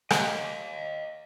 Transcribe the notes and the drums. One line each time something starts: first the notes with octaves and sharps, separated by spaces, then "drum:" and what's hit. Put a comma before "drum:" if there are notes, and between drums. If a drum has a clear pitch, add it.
D#5 F5, drum: rim click